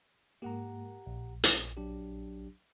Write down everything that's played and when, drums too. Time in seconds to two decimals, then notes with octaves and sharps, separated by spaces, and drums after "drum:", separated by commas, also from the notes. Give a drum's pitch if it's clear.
0.42 G#2 A#3 G4 F#5 A#5
1.06 A#1
1.44 drum: hi-hat
1.77 F#3 D4 G4